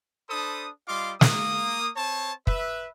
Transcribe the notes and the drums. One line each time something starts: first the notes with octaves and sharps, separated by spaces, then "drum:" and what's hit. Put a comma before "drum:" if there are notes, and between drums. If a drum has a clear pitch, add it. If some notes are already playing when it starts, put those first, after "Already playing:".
D4 A4 C5 B5 D#6
G3 F4 D#5 F5 C6 D6
A#3 D#6, drum: snare
C4 C5 C#5 A5
B4 E5, drum: kick